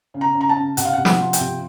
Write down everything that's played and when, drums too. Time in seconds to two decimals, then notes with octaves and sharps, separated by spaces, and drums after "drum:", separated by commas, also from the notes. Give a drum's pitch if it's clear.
0.14 C#3
0.21 A#5
0.35 C#3
0.41 A#5
0.49 A5
0.57 C#3
0.77 C3 F#5, drum: hi-hat
0.85 F5
0.93 F#5
0.97 C3
1.05 F#5, drum: snare
1.19 F3
1.33 G5, drum: hi-hat
1.40 C3